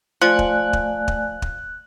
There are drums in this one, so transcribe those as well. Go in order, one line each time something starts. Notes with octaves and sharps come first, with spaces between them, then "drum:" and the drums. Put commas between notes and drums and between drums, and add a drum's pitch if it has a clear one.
F3 A3 D5 G#5 F#6
drum: kick
drum: kick
drum: kick
drum: kick